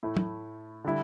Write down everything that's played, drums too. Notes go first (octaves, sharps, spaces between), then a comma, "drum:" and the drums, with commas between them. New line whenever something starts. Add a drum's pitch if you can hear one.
A2 A3 E4
drum: tom
D3 G3 E4